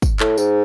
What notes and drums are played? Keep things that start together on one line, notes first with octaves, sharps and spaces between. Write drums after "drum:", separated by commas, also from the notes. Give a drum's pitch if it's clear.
drum: kick, tambourine
A2, drum: clap
G#2, drum: tambourine